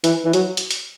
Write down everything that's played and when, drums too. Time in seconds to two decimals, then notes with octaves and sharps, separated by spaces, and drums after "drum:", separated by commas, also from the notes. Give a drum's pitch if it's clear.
0.04 E3, drum: hi-hat
0.25 E3
0.33 F#3, drum: hi-hat
0.57 drum: hi-hat
0.71 drum: hi-hat